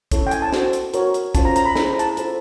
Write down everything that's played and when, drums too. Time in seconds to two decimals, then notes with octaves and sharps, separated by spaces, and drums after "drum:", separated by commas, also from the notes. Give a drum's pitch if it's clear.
0.12 C#4 E4 A4 C#5, drum: kick, hi-hat
0.27 G5
0.31 G#5, drum: hi-hat
0.42 A5
0.53 F#4 A4 C5, drum: snare
0.73 drum: hi-hat
0.94 F#4 A#4 C#5, drum: hi-hat
1.14 drum: hi-hat
1.35 C#4 F4 A4 C5 A5, drum: kick, hi-hat
1.45 A#5
1.56 A#5, drum: hi-hat
1.65 B5
1.75 E4 G#4 C5 B5, drum: snare
1.90 A#5
1.99 A5, drum: hi-hat
2.04 A#5
2.17 F4 A4 C5, drum: hi-hat